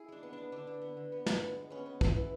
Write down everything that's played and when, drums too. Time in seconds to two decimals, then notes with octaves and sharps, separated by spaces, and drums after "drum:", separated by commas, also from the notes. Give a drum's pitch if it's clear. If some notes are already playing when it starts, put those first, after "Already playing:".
Already playing: E4 G#4
0.09 G#3 D4
0.23 B3
0.33 D4
0.38 B3
0.52 D3 D4
0.67 D3
0.81 B3
0.97 D3
1.12 B3
1.26 D3, drum: snare
1.41 B3
1.56 G#3
1.70 B3 C#4
1.86 B3
2.01 E3, drum: kick
2.16 E3